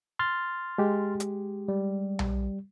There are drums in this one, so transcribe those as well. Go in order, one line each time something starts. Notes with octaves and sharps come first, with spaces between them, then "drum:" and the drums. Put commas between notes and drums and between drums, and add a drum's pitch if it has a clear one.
C6 F6 A6
G#3 G4
drum: hi-hat
G3
drum: tom B1